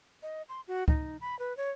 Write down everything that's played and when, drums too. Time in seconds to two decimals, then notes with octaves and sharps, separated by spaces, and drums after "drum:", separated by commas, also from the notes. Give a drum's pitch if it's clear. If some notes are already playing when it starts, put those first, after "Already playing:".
0.23 D#5
0.49 C6
0.68 F#4
0.88 D#4, drum: kick C#2
1.21 B5
1.39 B4
1.57 C#5